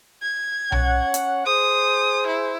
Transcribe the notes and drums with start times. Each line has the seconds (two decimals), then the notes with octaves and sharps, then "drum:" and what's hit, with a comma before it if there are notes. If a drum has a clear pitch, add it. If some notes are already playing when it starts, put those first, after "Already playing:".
0.22 G#6
0.72 C#4 C#5 F#5, drum: tom B1
1.14 drum: hi-hat
1.46 G#4 C5 D#6
2.27 E4